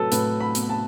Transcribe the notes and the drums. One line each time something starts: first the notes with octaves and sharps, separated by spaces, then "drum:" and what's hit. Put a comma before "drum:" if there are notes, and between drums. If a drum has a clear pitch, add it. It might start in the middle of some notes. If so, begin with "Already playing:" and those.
Already playing: A2 F#3 A4 B4
A2 B4, drum: hi-hat
B5
B3, drum: hi-hat
A5